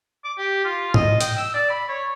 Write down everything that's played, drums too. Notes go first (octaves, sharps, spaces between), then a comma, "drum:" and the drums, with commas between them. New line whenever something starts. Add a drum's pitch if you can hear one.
D6
G4
F4
D#5, drum: tom G#2
G5, drum: hi-hat
E6
D5
B5
C#5